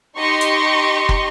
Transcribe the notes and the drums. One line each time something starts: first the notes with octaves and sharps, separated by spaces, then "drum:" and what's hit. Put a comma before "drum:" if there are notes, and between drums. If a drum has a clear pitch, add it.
D#4 G4 D#5 C6 C#6
drum: hi-hat
drum: kick